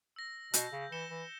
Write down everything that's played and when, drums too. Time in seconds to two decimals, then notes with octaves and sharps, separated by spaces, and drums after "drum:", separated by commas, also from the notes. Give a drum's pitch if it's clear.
0.16 E6 A#6
0.54 B2 G6, drum: hi-hat
0.73 C#3
0.92 E3 C#7 E7 G7
1.10 E3